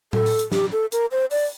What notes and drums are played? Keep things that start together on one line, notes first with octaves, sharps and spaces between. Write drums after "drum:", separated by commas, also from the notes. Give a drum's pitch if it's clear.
A4, drum: tom A2
drum: open hi-hat
drum: hi-hat
G4, drum: snare
A4
A#4, drum: hi-hat
C5
D5, drum: open hi-hat